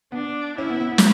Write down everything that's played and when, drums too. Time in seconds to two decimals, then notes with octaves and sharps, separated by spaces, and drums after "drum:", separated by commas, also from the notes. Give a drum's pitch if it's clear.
0.12 B3 D4
0.58 C#4 E4
0.70 B3
0.80 B3
0.92 B3
0.98 A#3, drum: snare